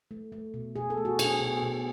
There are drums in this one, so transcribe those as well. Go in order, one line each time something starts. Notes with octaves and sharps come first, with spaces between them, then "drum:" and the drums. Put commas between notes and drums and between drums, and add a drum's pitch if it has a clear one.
A3
A3
B2
B2 G#4
A4
A3
F#4
B2 G#4, drum: cymbal
B2
B2